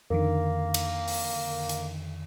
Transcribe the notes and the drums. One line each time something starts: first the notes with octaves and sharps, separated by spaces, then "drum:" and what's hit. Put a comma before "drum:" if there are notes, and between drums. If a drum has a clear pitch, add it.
F2 D3 D#3 A#3 A#4
drum: cymbal
drum: open hi-hat
drum: hi-hat